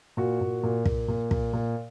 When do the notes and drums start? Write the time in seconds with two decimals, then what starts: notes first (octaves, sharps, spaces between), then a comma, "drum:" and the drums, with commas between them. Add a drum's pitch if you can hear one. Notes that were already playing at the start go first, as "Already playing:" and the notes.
0.17 A#2 F#4
0.41 A#2
0.63 A#2
0.85 A#2, drum: kick
1.08 A#2
1.31 A#2, drum: kick
1.53 A#2